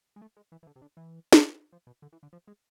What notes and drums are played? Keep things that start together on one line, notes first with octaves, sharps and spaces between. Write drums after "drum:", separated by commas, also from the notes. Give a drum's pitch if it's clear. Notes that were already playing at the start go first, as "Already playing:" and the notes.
G#3
A3
G#3
E3
E3
D3
C3
D3
E3
drum: snare
F3
B2
D3
E3
D3
F3
G#3